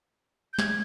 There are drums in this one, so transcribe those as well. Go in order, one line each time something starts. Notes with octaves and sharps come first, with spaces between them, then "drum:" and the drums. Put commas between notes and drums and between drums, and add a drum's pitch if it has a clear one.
G6
G#6, drum: snare